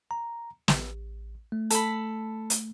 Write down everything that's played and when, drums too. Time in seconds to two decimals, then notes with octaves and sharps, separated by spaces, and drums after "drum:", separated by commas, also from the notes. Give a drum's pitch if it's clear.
0.11 A#5
0.68 A1, drum: snare
1.52 A3
1.70 A4 B5, drum: hi-hat
2.50 drum: hi-hat